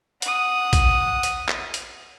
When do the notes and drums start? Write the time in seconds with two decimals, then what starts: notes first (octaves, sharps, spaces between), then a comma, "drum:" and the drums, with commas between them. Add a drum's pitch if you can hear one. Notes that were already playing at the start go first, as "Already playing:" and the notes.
0.22 F#5 D#6, drum: hi-hat
0.73 drum: kick, hi-hat
1.23 drum: hi-hat
1.49 drum: clap
1.74 drum: hi-hat